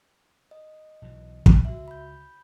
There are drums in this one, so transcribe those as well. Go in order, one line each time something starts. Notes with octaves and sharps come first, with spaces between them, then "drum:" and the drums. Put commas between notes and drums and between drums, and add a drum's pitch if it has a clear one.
D#5
B1 B2 E3
C#2, drum: kick
F#4 E5
B5 G6